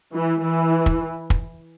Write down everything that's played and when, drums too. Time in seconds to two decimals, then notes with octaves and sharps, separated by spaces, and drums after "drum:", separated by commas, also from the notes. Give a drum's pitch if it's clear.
0.13 E3
0.42 E3
0.86 drum: kick
1.30 drum: kick